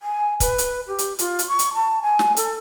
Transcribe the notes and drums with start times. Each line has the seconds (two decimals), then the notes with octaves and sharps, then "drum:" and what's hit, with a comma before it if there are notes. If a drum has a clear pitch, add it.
0.02 G#5
0.40 B4, drum: kick, hi-hat
0.58 drum: hi-hat
0.87 G4
0.98 drum: hi-hat
1.19 F4, drum: hi-hat
1.39 drum: hi-hat
1.48 C#6
1.59 drum: hi-hat
1.74 A5
2.02 G#5
2.19 drum: snare
2.36 A4, drum: hi-hat